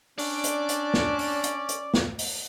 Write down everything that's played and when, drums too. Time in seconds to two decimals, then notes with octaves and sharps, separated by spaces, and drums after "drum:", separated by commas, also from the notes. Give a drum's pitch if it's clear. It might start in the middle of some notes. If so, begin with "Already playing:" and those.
0.19 C#4 D4 D5, drum: open hi-hat
0.44 drum: hi-hat
0.69 drum: hi-hat
0.94 drum: snare
1.19 drum: open hi-hat
1.44 drum: hi-hat
1.69 drum: hi-hat
1.94 drum: snare
2.19 drum: open hi-hat